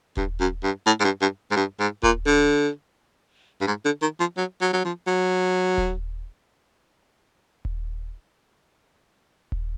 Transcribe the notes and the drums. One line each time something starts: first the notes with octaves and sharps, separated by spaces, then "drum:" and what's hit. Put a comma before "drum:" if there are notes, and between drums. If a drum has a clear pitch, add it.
G2, drum: kick D#1
F#2
G2
A2
G#2
G2
G2
G#2
G2
G#2
A#2, drum: kick D#1
D3
G2
G#2
D3
D#3
F3
F#3
F#3
F#3
F3
F#3
drum: kick D#1
drum: kick D#1
drum: kick D#1